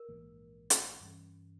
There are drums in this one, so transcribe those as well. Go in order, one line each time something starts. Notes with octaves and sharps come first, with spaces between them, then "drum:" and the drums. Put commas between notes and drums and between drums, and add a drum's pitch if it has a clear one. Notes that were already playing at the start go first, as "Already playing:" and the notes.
Already playing: A#4
A#1 G#2 E3 A#3
drum: hi-hat
G2 E3 G3 C#4